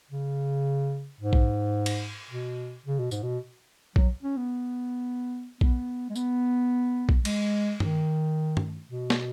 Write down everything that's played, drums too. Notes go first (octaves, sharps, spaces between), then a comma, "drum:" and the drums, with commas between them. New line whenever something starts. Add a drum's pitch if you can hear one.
C#3
G#2
drum: kick A#1
drum: cymbal
B2
C#3
B2
G#2, drum: tambourine
B2
F#3, drum: kick A#1
C#4
B3
B3, drum: kick A#1
G#3
B3, drum: tambourine
drum: kick A#1
G#3, drum: cymbal
D#3, drum: tom G2
drum: tom G2
B2
drum: snare